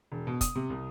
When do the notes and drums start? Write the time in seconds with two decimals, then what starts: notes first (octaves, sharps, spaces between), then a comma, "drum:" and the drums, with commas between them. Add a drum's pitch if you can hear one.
0.12 E1
0.27 B2
0.41 D#6, drum: kick, hi-hat
0.55 C3
0.70 C2